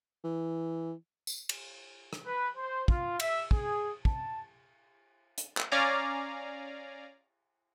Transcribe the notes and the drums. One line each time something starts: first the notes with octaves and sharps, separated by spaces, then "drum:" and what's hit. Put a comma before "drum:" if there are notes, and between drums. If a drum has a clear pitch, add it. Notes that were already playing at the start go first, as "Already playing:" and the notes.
E3
drum: tambourine
drum: cymbal
drum: rim click
B4
C5
F4, drum: kick
E5, drum: cymbal
G#4, drum: kick
A5, drum: kick
drum: hi-hat
drum: clap
C#4 D5 F5 G#5 A#5